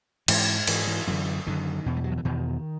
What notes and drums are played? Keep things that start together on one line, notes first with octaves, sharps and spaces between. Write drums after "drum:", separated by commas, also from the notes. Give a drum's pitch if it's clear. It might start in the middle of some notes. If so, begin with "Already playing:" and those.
G#2 E3, drum: cymbal
G#2 E3, drum: cymbal
E3
F#2 D3 E3
F#2 D3 D#3
E2 B2
G3
F#3
F3
E3
E2 B2 D#3